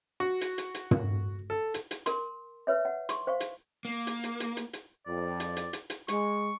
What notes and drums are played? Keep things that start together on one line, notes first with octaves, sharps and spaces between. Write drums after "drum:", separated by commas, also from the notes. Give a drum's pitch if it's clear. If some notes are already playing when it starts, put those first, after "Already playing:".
F#4
drum: hi-hat
drum: hi-hat
drum: hi-hat
drum: tom
A4
drum: hi-hat
drum: hi-hat
A#4 C6, drum: hi-hat
B4 C#5 E5
F#5
C6 C#6, drum: hi-hat
C5 F5 C#6
drum: hi-hat
A#3
drum: hi-hat
drum: hi-hat
drum: hi-hat
drum: hi-hat
drum: hi-hat
F2 D5
drum: hi-hat
drum: hi-hat
drum: hi-hat
drum: hi-hat
G#3 C#6, drum: hi-hat